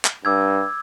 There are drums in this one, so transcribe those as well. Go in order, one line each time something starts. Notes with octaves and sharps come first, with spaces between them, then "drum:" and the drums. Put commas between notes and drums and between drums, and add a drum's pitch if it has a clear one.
drum: clap
G2 D6 E6 G#6